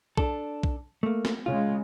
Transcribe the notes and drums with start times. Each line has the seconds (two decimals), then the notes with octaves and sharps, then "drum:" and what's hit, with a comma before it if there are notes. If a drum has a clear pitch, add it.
0.18 D4 A4, drum: kick B1
0.63 drum: kick B1
1.03 A3 A#3
1.25 drum: snare
1.46 C#3 G#3 F4